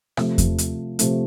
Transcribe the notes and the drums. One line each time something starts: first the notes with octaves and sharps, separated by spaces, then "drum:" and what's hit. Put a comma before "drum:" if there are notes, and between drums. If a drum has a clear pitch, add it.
C3 F3 A3, drum: rim click
drum: kick E2, hi-hat
drum: hi-hat
C3 F3 A3, drum: hi-hat